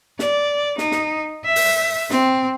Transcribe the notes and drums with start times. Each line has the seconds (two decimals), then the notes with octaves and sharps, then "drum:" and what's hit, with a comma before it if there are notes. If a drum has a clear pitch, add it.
0.19 D5, drum: snare
0.78 D#4, drum: snare
0.91 drum: snare
1.45 E5
1.56 drum: open hi-hat
2.10 C4, drum: snare